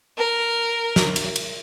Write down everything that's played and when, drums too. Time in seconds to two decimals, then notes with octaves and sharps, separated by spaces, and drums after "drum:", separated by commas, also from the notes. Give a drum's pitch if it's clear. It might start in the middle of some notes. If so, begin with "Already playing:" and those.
0.18 A#4
0.96 drum: snare
1.16 drum: cymbal
1.36 drum: cymbal